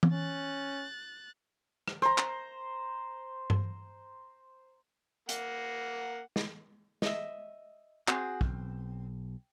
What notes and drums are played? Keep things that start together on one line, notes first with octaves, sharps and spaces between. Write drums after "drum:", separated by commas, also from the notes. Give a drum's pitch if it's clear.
drum: tom E3
C#4 F#6 A6
drum: rim click
C5 A#5, drum: rim click
drum: clap
drum: tom G2
A#3 F#5, drum: hi-hat
drum: snare
D#5 E5, drum: snare
C4 F#4 G#4, drum: clap
B1, drum: kick